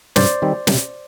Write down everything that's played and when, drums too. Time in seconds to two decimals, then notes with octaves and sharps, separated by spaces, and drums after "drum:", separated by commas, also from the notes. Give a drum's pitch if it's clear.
0.16 G2 C5 D5, drum: snare
0.42 D#3 G3 C4
0.67 C3, drum: snare